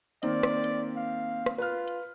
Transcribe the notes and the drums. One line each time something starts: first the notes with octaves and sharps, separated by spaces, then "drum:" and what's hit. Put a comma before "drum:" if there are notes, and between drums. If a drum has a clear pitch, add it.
D#3 A#3 C4 D5, drum: hi-hat
drum: rim click
drum: hi-hat
F5
drum: rim click
F4 B4 F6
drum: hi-hat